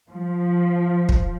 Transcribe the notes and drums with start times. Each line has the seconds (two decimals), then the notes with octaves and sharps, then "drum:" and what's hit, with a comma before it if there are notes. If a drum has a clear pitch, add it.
0.11 F3
1.09 drum: kick